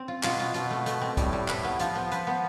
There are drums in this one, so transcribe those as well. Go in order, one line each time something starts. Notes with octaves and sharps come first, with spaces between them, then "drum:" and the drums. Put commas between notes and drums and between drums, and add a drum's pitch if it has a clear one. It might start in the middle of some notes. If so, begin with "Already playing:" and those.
Already playing: C4
F4
B2 F4, drum: clap
F4
B2 F4, drum: hi-hat
A3
A3, drum: hi-hat
C4
A2 G3, drum: kick, hi-hat
G3
A2 B4, drum: clap
B3
F3 F4, drum: hi-hat
B3
B4, drum: hi-hat
B3